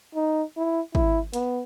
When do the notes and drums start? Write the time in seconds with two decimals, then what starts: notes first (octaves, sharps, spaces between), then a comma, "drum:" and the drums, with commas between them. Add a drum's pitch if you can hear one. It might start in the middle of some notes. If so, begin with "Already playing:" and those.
0.15 D#4
0.57 E4
0.95 E4, drum: kick
1.33 B3, drum: hi-hat